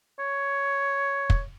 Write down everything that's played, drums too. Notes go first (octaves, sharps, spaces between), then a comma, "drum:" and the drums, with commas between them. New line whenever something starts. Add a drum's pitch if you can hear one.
C#5
drum: kick